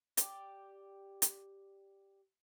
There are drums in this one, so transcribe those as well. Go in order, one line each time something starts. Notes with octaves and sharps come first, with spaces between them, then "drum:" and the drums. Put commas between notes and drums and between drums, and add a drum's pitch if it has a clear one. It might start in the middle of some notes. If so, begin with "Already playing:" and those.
G4 D5, drum: hi-hat
drum: hi-hat